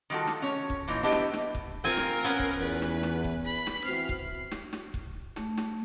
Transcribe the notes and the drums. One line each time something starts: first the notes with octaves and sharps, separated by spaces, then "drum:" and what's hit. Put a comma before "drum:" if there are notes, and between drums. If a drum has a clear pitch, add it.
D#3 G3 F4 F#4 A4
drum: snare
C#4 C#5
drum: kick
A#2 E3 D#4
B3 D4 E4 G4 D#5
drum: snare
drum: snare
drum: kick
C4 F4 A#4 G#5
drum: snare
B3 C#4
drum: kick
E2 B4
drum: snare
drum: snare
drum: kick
B5
drum: snare
E3 C4 F#4 F6 C7
drum: kick
drum: snare
drum: snare
drum: kick
A3, drum: snare
drum: snare